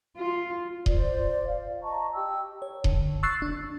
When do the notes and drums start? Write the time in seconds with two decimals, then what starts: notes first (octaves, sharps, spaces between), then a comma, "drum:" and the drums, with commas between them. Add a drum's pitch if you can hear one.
0.18 F4
0.86 F4 C5 D5, drum: kick D#1
1.46 F5
1.83 D#5 A5 A#5 C#6
2.14 G4 G5 E6
2.62 C#5
2.84 D3, drum: kick D#1
3.23 C#6 E6 F#6 A6 C7
3.42 D4